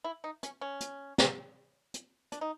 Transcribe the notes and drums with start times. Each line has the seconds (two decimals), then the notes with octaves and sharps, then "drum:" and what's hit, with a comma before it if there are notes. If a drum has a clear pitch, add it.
0.04 E4
0.24 D#4
0.43 C#4, drum: hi-hat
0.61 C#4
0.81 drum: hi-hat
1.18 drum: snare
1.94 drum: hi-hat
2.32 D4, drum: hi-hat
2.41 D#4